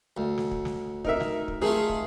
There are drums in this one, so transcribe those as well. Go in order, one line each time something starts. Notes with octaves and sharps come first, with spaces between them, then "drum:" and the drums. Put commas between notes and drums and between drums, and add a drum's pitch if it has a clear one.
D2
drum: snare
drum: kick
drum: snare
D#4 A#4 E5, drum: kick
drum: snare
drum: kick
D#3 A3 F4 G#4
drum: kick